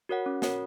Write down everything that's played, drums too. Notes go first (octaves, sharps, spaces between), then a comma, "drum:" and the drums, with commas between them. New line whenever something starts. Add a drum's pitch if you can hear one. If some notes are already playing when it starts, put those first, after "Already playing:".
F#4 A#4 C#5 F#5
C#4
F#4 A#4 C#5 F#5, drum: snare